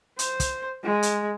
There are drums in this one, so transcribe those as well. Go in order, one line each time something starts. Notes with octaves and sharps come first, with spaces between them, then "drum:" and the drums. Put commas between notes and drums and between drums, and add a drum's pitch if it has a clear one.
C5, drum: hi-hat
drum: kick, hi-hat
G#3
drum: hi-hat